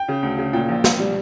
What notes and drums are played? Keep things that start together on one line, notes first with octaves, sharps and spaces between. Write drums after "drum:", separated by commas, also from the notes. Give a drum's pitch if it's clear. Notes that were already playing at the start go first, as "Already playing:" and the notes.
Already playing: G5
C#3
D2
C#3
A#2 G5
A#1
A#1, drum: snare
G3